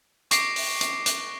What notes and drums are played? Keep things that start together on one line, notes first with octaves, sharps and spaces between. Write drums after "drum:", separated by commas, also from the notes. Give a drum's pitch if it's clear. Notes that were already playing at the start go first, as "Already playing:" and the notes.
C#6 D6 A#6 C7 D7, drum: hi-hat
drum: open hi-hat
drum: hi-hat
drum: hi-hat